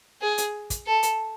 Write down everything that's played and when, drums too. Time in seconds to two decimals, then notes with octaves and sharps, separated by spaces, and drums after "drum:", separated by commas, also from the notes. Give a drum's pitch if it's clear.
0.21 G#4
0.38 drum: hi-hat
0.70 drum: kick, hi-hat
0.86 A4
1.03 drum: hi-hat